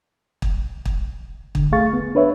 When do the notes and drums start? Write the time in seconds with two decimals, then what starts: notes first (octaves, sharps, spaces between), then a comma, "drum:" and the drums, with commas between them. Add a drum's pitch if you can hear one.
0.42 drum: kick
0.85 drum: kick
1.55 D3, drum: kick
1.72 E2 A3 G#4 F5 C#6 A6
1.93 B3
2.15 D4 B4 C#5 E5